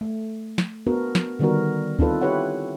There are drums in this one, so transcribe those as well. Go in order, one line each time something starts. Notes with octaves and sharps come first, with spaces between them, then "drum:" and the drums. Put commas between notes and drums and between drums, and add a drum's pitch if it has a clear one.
A3
drum: snare
B3 D4 F#4 A#4
drum: snare
D3 D#3 G3 B3 F#4 A#4
C4 D4 D#4 F4 A4 B4, drum: kick
E4 G4 B4 C#5 F#5